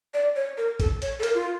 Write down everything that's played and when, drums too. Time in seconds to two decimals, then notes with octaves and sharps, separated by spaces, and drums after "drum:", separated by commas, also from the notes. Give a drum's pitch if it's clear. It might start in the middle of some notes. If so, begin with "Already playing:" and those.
0.14 D5
0.36 C#5
0.58 A#4
0.80 A4, drum: kick A1, hi-hat
1.02 C#5, drum: hi-hat
1.19 A4
1.23 A#4, drum: hi-hat
1.35 F4